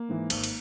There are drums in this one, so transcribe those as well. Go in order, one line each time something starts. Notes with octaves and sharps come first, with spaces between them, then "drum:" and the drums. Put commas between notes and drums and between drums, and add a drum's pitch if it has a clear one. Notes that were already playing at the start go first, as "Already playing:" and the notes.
Already playing: A#3
G#2 E3
G#1, drum: cymbal
drum: cymbal